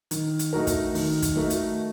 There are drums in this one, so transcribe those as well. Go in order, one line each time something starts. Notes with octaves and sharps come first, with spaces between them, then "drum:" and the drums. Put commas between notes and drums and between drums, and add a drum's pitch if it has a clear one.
D#3, drum: hi-hat
drum: hi-hat
A3 D#4 F#4 A#4
drum: kick, hi-hat
D#3, drum: open hi-hat
drum: kick, hi-hat
A3 D#4 F#4 A#4
drum: hi-hat